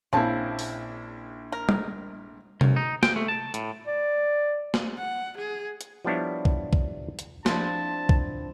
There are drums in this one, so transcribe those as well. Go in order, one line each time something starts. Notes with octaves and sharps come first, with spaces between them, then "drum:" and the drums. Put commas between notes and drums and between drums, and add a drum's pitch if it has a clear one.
A#1 C#3 C4 E4 A5
drum: open hi-hat
A#4
drum: tom G3
F#2, drum: tom C3
D#4
G5, drum: snare
A3
A5
A2, drum: hi-hat
D5
drum: snare
F#5
G#4
drum: hi-hat
F3 G3 B3 D4 E4 C#5
drum: kick
drum: kick
drum: hi-hat
F3 C4 D4 E4 C5 A5, drum: snare
drum: kick